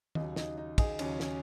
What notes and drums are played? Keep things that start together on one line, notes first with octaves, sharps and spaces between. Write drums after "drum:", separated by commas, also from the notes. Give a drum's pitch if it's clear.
D#2 C#3 F#3 D#4, drum: tom D#3
D#4, drum: snare
D#4
D#4 G#4, drum: kick, cymbal
D#2 C#3 F#3 C#4, drum: cymbal
drum: snare